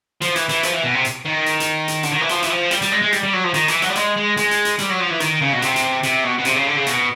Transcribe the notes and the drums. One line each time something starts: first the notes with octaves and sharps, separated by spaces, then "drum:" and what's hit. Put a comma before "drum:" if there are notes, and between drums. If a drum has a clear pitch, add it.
F3, drum: hi-hat
E3, drum: hi-hat
E3, drum: hi-hat
F3, drum: hi-hat
E3
B2
C3
drum: hi-hat
D#3
drum: hi-hat
drum: hi-hat
drum: hi-hat
D3, drum: hi-hat
D#3
E3
F3, drum: hi-hat
E3, drum: hi-hat
F3
G3, drum: hi-hat
G3, drum: hi-hat
G#3
G#3
G3, drum: hi-hat
G3
F#3
F3
D#3, drum: hi-hat
E3, drum: hi-hat
F#3, drum: hi-hat
G3
G#3, drum: hi-hat
G#3
G#3, drum: hi-hat
drum: hi-hat
drum: hi-hat
G3, drum: hi-hat
F#3
F3
E3
D#3, drum: hi-hat
C#3
B2
C3, drum: hi-hat
drum: hi-hat
C3, drum: hi-hat
B2
B2
C3, drum: hi-hat
C#3
D3
C#3
B2, drum: hi-hat